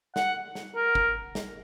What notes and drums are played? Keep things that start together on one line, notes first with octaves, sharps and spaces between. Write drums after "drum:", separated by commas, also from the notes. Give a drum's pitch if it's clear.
F#5, drum: snare
drum: snare
A#4
drum: kick
drum: snare